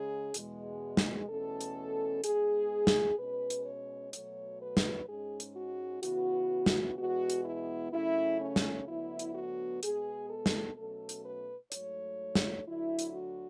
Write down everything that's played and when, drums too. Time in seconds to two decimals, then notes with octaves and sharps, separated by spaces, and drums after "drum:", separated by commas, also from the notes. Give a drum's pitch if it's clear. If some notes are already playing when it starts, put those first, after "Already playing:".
Already playing: C#3 G#3 C#4 G#4
0.34 E2 B2 G#3, drum: hi-hat
0.97 drum: snare
1.29 E2 B2 A3 C#4 A4
1.61 drum: hi-hat
2.24 G#2 G#3 B3 G#4, drum: hi-hat
2.87 drum: snare
3.19 B2 G#3 C#4 B4
3.50 drum: hi-hat
3.65 C#5
4.13 B2 F#3 A3 C#5, drum: hi-hat
4.61 B4
4.77 drum: snare
5.08 G#2 G#3 C#4 G#4
5.40 drum: hi-hat
5.56 F#4
6.03 C#3 E3 B3 F#4, drum: hi-hat
6.66 drum: snare
6.98 E2 B2 G#3 B3 F#4
7.30 drum: hi-hat
7.45 E4
7.93 C#3 F#3 A3 C#4 E4
8.40 C#4
8.56 drum: snare
8.88 D2 D3 F#3 B3 E4
9.19 drum: hi-hat
9.34 F#4
9.83 B2 G#3 B3 G#4, drum: hi-hat
10.30 A4
10.46 drum: snare
10.77 B2 F#3 A3 C#4 A4
11.09 drum: hi-hat
11.25 B4
11.72 G#2 F#3 A3 C#5, drum: hi-hat
12.35 drum: snare
12.67 D2 D3 F#3 E4
12.99 drum: hi-hat
13.14 F#4